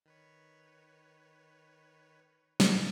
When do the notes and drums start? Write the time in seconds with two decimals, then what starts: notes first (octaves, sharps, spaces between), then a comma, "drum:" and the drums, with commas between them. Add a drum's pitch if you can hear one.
0.06 D#3 B4 C#5
2.60 drum: snare